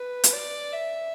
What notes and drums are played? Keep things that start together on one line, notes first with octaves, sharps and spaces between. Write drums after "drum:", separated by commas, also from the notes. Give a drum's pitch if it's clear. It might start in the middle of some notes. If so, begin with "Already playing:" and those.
Already playing: B4
drum: hi-hat
D5
E5